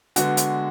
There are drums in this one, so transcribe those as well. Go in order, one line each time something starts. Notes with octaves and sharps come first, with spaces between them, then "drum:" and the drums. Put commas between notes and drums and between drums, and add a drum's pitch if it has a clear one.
D3 G#3 B3 F#4, drum: hi-hat
drum: hi-hat